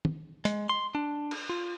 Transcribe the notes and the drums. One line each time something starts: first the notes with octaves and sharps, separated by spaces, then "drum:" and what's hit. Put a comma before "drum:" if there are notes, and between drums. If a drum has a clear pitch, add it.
drum: tom
G#3, drum: hi-hat
C6
D4
drum: cymbal
F4